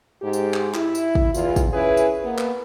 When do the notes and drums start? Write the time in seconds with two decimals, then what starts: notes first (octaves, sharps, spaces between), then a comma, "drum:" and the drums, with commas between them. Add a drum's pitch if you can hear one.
0.22 G#2 G4
0.33 drum: tambourine
0.54 drum: clap
0.74 E4, drum: clap
0.95 drum: tambourine
1.15 drum: kick
1.34 E2 F4, drum: tambourine
1.56 drum: kick, tambourine
1.73 C#4 E4 G#4 B4
1.97 drum: tambourine
2.23 A#3 B3
2.38 drum: clap